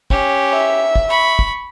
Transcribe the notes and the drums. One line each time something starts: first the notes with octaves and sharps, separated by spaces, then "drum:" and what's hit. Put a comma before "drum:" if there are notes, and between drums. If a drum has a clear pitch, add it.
C#4 G4, drum: kick
E5
drum: kick
B5 C#6
drum: kick